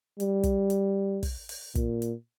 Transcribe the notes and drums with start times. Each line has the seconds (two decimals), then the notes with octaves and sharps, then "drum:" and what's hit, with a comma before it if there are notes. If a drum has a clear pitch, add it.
0.20 G3, drum: hi-hat
0.43 drum: kick, hi-hat
0.70 drum: hi-hat
1.23 drum: kick, open hi-hat
1.49 drum: open hi-hat
1.75 A#2, drum: kick, hi-hat
2.02 drum: hi-hat